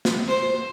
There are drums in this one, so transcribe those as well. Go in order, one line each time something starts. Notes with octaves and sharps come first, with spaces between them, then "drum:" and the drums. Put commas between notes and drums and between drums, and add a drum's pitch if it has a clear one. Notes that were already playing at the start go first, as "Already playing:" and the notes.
drum: snare
C5